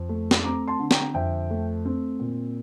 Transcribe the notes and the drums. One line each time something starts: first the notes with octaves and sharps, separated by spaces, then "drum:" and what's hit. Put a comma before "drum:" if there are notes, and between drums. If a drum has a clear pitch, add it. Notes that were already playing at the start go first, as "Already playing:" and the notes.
Already playing: F2
A3
drum: snare
C4 A#5 D6
A5 C6
D3
G5 A#5, drum: snare
F2 E5 G5
A3
C4
A#2